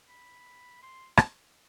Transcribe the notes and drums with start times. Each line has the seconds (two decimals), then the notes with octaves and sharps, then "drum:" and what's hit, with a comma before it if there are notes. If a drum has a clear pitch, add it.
0.09 B5
0.83 C6
1.17 drum: rim click